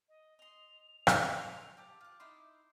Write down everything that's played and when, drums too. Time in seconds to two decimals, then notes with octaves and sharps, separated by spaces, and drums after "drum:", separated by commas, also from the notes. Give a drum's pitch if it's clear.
0.09 D#5
0.39 D#5 C6 F7
1.07 drum: rim click
1.77 G4 A5 D6
2.01 F4 F#6
2.20 D#4 E4 C6